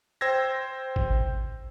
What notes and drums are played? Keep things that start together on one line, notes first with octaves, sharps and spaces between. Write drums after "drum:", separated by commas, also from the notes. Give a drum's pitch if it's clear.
C5 G5 E6 G#6 A#6
drum: kick